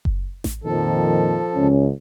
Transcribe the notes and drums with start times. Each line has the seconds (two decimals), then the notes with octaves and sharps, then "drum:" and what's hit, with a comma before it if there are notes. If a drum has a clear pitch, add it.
0.05 drum: kick F#1
0.44 drum: snare A1
0.64 F2 A#2 D#3 F3 A4
1.54 C#2 C#4